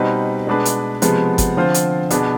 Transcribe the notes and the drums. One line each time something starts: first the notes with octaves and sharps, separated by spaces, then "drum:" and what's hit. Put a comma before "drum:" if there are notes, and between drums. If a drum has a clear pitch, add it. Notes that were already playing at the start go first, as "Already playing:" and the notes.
Already playing: B2 G3 C4 D#4 B4
B2 G#3 D4 G#4 B4
drum: hi-hat
C3 F3 G#3 B3, drum: hi-hat
drum: kick G1, hi-hat
D3 F3 C4 F4 C5
drum: hi-hat
B2 B3 D4 G#4, drum: hi-hat